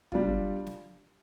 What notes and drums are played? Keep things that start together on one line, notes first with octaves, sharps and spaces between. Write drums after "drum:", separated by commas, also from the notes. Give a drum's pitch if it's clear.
G3 D4 F4, drum: tom
drum: snare